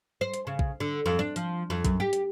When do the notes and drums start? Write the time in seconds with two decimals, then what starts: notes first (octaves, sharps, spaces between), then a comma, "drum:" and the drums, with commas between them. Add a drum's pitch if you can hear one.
0.21 C5
0.34 drum: hi-hat
0.47 C#3
0.59 drum: kick A#1
0.80 D3
1.06 F2
1.19 D4
1.36 F3, drum: hi-hat
1.70 F2
1.85 F#2, drum: kick A#1, hi-hat
2.00 G4
2.13 drum: hi-hat